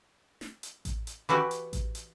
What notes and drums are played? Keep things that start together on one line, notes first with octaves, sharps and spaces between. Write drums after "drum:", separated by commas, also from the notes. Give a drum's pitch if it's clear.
drum: snare
drum: hi-hat
drum: kick A1, hi-hat
drum: hi-hat
E3 E4 F#4 G4
drum: hi-hat
drum: kick A1, hi-hat
drum: hi-hat